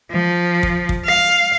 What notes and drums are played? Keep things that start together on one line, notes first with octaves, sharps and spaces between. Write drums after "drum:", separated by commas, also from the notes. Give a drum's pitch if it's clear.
F3
drum: kick
drum: kick
F5